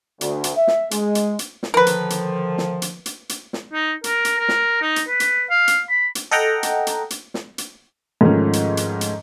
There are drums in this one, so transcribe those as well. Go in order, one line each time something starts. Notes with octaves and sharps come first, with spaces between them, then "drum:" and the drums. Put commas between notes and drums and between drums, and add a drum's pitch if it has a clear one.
D2, drum: hi-hat
drum: hi-hat
E5
drum: snare
G#3, drum: hi-hat
drum: hi-hat
drum: hi-hat
drum: snare
D3 D#3 F3 A#4 B4
drum: hi-hat
drum: hi-hat
drum: snare
drum: hi-hat
drum: hi-hat
drum: hi-hat
drum: snare
D#4
A#4, drum: hi-hat
drum: hi-hat
A#4
drum: snare
D#4
drum: hi-hat
B4
drum: hi-hat
F5
drum: hi-hat
B5
drum: hi-hat
A4 D#5 F#5 G5 A#5
drum: hi-hat
drum: hi-hat
drum: hi-hat
drum: snare
drum: hi-hat
G#2 D#3 F3 A3 C#4
drum: hi-hat
drum: hi-hat
drum: hi-hat